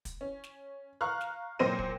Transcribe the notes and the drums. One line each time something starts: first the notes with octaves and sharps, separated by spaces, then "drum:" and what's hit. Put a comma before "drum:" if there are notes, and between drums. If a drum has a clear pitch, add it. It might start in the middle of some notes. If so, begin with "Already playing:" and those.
drum: kick, hi-hat
C#4
drum: snare
F5 A#5 C#6 F6 F#6
drum: snare
A#2 F#3 C4 C5 A#6 D#7
drum: kick